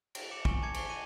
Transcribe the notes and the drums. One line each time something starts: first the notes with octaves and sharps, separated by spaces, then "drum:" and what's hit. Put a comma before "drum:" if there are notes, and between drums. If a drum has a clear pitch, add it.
D7, drum: cymbal
D6 C#7 E7 F#7
G#5 C#6, drum: kick
A5 D6 G#6 C#7
G#5 C#6 C7, drum: cymbal
D#7